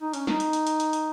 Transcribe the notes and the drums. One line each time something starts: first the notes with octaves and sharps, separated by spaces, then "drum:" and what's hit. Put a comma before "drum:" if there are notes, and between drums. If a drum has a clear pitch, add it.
D#4
C#4, drum: hi-hat
D#4, drum: snare
drum: hi-hat
drum: hi-hat
drum: hi-hat
drum: hi-hat
drum: hi-hat